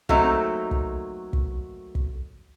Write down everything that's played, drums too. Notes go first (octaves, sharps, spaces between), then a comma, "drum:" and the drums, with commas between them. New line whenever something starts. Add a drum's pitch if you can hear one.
F#3 A3 A#3 C4 D#4, drum: kick
drum: kick
drum: kick
drum: kick